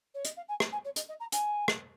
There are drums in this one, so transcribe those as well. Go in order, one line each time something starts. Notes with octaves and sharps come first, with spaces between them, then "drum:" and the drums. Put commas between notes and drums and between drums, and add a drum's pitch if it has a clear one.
C#5
D#5, drum: hi-hat
F5
G#5
drum: rim click
G#5
C#5
D#5, drum: hi-hat
D#5
A#5
G#5, drum: hi-hat
drum: rim click